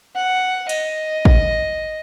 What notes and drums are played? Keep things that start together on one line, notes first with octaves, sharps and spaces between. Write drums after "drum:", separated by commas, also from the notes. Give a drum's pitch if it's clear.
F#5
D#5, drum: cymbal
drum: kick A1